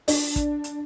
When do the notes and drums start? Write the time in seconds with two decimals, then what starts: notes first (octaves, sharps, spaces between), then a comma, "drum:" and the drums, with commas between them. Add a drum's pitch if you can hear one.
0.08 D4, drum: open hi-hat
0.36 drum: kick, hi-hat
0.64 drum: hi-hat